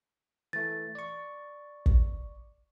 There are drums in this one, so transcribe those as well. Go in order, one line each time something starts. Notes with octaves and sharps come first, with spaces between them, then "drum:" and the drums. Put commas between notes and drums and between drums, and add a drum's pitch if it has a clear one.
E3 A3 A6
D5 C#6
drum: kick